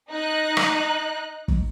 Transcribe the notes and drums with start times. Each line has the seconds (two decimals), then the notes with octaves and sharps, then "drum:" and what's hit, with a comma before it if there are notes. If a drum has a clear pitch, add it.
0.11 D#4 F#6
0.57 drum: rim click
1.48 drum: kick G#1